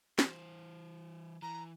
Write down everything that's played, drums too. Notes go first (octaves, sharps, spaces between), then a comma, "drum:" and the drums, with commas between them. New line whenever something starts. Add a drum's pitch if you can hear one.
E3 C5, drum: snare
E3 A#5